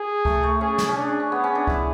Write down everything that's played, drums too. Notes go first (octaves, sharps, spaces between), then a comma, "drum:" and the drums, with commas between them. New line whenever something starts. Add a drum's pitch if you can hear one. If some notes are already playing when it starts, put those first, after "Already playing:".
Already playing: G#4
A3, drum: kick C#2
A3
C#4 G#4
drum: snare
C#4
D4 G#4
D4
C#4
B3 G#4
C#4
D4
E4, drum: kick C#2